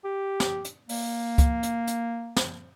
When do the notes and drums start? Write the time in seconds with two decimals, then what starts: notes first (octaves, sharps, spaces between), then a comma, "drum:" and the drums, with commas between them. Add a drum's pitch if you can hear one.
0.05 G4
0.40 drum: snare
0.65 drum: hi-hat
0.89 A#3, drum: open hi-hat
1.38 drum: kick C#2, hi-hat
1.63 drum: hi-hat
1.87 drum: hi-hat
2.36 drum: snare